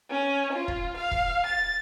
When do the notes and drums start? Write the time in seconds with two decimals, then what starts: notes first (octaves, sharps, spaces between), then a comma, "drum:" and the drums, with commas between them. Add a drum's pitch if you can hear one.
0.10 C#4
0.53 F4
0.68 drum: kick
0.97 F5
1.11 drum: kick
1.46 A6